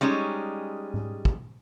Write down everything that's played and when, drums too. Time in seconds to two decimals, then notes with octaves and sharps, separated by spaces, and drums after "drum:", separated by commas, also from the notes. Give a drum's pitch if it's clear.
0.01 G3 G#3 C#4 D#4
0.94 drum: tom G#2
1.25 drum: kick